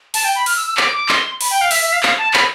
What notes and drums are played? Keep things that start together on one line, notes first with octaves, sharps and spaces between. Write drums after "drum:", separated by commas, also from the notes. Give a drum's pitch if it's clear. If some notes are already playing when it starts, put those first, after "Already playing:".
A5, drum: open hi-hat
G5
B5
F6, drum: open hi-hat
E6
E6
D6, drum: clap
D6
C6, drum: clap
B5, drum: open hi-hat
G5
F5
E5, drum: open hi-hat
E5
F5
F5, drum: clap
A5
B5, drum: clap